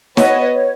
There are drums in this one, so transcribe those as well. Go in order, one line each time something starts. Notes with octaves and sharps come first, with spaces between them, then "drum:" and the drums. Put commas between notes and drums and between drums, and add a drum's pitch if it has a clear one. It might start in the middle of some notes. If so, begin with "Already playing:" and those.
B3 F#4 B4 C#5 D#5, drum: snare
C#5
C#5
C#5